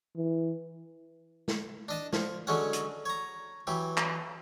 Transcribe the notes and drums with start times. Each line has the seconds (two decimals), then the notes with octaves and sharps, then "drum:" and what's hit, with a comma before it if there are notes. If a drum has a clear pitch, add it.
0.17 E3
1.48 drum: snare
1.88 D4 D#5 A5
2.13 F3, drum: snare
2.47 D3 F#3 G#3 C#4 F#5
2.73 drum: hi-hat
3.06 C#5 A#5
3.67 E3 F#3 G4
3.97 drum: clap